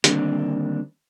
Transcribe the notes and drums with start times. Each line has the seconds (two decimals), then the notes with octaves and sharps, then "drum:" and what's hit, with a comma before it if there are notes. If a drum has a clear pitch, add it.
0.04 D3 D#3 G3 A#3 C4 D4, drum: hi-hat